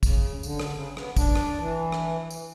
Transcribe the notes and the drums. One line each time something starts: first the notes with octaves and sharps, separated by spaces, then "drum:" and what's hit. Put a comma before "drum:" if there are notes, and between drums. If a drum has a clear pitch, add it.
C#3, drum: kick, tambourine
D3, drum: tambourine
drum: rim click
C#3
B3, drum: rim click
D4, drum: kick, tambourine
drum: rim click
E3
drum: rim click
drum: tambourine